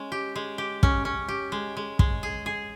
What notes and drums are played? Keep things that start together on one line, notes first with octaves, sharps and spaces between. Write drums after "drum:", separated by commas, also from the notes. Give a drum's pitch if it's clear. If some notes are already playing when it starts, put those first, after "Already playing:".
Already playing: G#3 C#4
G4
G#3
G4
C#4, drum: kick
C#4
G4
G#3
G#3
G#3, drum: kick
G#4
G#4